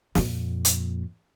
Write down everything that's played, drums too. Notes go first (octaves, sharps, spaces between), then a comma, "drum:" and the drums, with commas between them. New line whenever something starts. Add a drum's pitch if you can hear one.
F2 A#2, drum: snare
drum: hi-hat